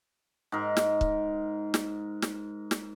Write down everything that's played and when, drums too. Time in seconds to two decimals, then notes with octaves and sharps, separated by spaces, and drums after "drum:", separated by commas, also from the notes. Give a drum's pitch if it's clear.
0.52 G#2 A#4
0.77 drum: snare
1.01 drum: kick C#1
1.74 drum: snare
2.22 drum: snare
2.71 drum: snare